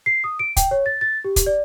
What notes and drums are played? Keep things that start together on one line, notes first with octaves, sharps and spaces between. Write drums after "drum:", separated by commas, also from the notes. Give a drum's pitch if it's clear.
C7
D#6
D7
G5, drum: kick, hi-hat
C#5
A6
A6
G4
drum: kick, hi-hat
D5